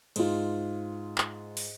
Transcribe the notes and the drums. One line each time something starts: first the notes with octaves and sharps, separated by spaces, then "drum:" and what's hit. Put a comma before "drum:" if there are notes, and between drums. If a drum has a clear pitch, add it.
G#2 F4, drum: cymbal
drum: clap
drum: open hi-hat